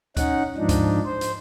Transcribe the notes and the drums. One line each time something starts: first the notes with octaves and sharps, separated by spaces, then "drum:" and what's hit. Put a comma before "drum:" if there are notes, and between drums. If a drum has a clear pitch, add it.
C#4 D#4 F#5, drum: kick C#2, hi-hat
G#2 F3 D4 D#4
drum: kick C#2, hi-hat
C5
drum: hi-hat